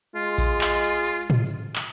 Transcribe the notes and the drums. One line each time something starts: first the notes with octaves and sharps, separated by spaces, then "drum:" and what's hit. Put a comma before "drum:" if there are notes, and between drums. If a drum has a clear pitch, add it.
G#3 F4
drum: kick A#1, tambourine
drum: clap
drum: tambourine
drum: tom
drum: clap